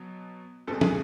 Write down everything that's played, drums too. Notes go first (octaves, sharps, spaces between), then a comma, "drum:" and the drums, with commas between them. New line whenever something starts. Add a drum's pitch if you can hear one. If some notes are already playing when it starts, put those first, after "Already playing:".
Already playing: B2 F#3
C2 B2 G#3 C4 A4
G#4, drum: tom